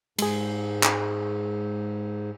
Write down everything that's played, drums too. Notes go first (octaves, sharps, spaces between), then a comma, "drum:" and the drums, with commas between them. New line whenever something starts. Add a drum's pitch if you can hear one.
G#2 G#3 G#4, drum: cymbal
drum: clap